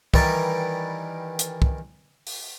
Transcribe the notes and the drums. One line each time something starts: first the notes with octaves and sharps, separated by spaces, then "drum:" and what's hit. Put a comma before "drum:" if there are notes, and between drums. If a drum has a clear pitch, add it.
D#3 E3 G3 A#4 B4 D5, drum: kick
drum: hi-hat
drum: kick
drum: open hi-hat